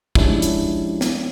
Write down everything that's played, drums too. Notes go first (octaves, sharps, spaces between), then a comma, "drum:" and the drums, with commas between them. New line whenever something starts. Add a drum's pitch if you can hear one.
F3 G#3 C#4 D4 E4 G4, drum: kick
drum: hi-hat
drum: snare